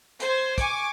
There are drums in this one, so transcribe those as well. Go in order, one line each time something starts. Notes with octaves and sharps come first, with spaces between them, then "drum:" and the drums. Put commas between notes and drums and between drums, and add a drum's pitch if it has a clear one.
C5 G#6, drum: hi-hat
G#5 C#6 D6, drum: kick, hi-hat